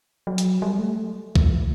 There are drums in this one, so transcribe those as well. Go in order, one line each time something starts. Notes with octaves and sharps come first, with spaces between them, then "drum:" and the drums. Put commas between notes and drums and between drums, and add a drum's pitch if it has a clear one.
F#3
drum: hi-hat
G3
A3
drum: kick B1